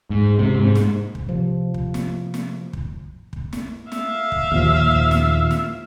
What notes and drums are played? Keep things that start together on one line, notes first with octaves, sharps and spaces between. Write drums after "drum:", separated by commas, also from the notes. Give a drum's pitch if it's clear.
G#2
C3
G#2
drum: snare
drum: kick
C3 F3
drum: kick
drum: snare
drum: snare
drum: kick
drum: kick
drum: snare
E5 F5, drum: snare
drum: kick
D#2 A#2 F3
drum: kick
drum: snare
drum: snare